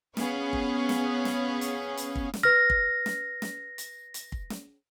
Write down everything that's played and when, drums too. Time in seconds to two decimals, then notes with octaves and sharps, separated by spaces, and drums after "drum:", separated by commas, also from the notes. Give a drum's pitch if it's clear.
0.17 B3 C#4 G#4 C#5 F5, drum: snare
0.53 drum: kick
0.89 drum: snare
1.25 drum: snare
1.61 drum: hi-hat
1.97 drum: hi-hat
2.15 drum: kick
2.34 drum: snare
2.43 B4 F6 A#6
2.70 drum: kick
3.06 drum: snare
3.42 drum: snare
3.78 drum: hi-hat
4.14 drum: hi-hat
4.32 drum: kick
4.50 drum: snare